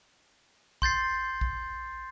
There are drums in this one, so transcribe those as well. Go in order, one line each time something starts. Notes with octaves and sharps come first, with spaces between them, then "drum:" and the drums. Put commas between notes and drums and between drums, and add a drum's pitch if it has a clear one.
C6 G6 A6 C7, drum: kick
drum: kick